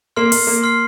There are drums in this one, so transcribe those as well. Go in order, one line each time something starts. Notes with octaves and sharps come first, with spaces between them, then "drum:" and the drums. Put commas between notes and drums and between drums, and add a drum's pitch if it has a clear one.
A#3 C6 F6 C7
A#3, drum: open hi-hat
A#3
C6 F6 C7